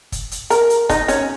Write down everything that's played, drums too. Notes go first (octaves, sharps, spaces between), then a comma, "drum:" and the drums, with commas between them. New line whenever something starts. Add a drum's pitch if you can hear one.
drum: kick, hi-hat
drum: hi-hat
A#4, drum: hi-hat
drum: hi-hat
D#4, drum: kick, hi-hat
C#4, drum: hi-hat